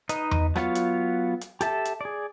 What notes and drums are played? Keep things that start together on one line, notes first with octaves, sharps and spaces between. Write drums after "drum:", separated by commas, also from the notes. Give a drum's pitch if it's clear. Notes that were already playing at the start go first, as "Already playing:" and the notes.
D#4 B4 D#5, drum: hi-hat
drum: tom E2
F#3 B3 F4 C#5, drum: rim click
drum: hi-hat
drum: hi-hat
G4 A4 E5 A5, drum: hi-hat
drum: hi-hat
G#4 D5